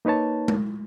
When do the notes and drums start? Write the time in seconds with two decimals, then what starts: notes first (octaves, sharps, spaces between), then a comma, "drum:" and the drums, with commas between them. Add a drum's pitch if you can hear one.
0.05 A#3 D#4 B4 C#5 A5
0.48 drum: tom G#3